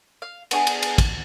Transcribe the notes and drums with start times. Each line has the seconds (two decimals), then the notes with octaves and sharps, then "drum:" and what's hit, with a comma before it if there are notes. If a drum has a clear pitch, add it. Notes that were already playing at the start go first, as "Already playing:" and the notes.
0.22 F5
0.51 B3 D4 F#4 G#4, drum: cymbal
0.67 drum: cymbal
0.83 drum: cymbal
0.98 drum: kick, cymbal